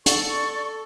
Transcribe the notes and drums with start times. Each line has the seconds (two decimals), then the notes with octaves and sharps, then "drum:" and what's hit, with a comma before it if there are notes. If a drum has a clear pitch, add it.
0.06 A4 D5 C#6, drum: hi-hat